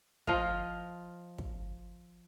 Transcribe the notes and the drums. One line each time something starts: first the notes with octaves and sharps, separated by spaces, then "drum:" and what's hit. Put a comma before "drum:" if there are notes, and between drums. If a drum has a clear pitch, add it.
F3 F4 D#5 F5, drum: kick
drum: kick